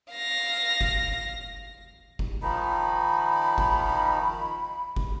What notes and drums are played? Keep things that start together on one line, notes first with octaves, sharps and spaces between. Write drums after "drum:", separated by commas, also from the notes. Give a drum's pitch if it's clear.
F5 A#6
drum: kick
drum: kick
D#3 F3 D#4 B5
drum: kick
drum: kick